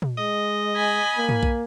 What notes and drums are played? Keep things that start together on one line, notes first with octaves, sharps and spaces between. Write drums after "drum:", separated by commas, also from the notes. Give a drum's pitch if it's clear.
drum: tom A#2
G#3 D#5
G#5 B5
A#3
drum: tom
drum: kick B1